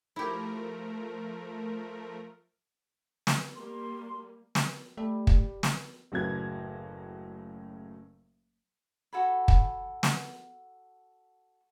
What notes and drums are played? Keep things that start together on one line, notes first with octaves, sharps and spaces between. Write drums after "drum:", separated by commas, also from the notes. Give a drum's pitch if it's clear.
F3 A3 E4 G4 A#4
drum: snare
G3 A#3 C6
drum: snare
G3 A3
drum: kick
drum: snare
F#1 A2 C#3 F#3 B4 G#6
F#4 A4 G#5 B5
drum: kick
drum: snare